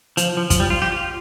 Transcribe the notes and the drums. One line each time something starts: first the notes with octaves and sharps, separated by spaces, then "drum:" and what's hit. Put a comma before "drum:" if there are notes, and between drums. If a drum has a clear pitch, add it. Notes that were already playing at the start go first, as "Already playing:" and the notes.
F3, drum: hi-hat
F3
F3, drum: kick, hi-hat
G3
F4
G4
F4